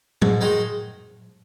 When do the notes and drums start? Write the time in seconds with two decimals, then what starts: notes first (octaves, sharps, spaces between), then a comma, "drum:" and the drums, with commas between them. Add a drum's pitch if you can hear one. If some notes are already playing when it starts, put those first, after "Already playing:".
0.22 G#2, drum: tom A2
0.41 D#3 G#3 D#4 F#4